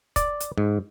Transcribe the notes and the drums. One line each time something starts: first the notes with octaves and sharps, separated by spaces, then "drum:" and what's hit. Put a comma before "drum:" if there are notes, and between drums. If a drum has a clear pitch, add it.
D5, drum: kick, hi-hat
drum: hi-hat
G#2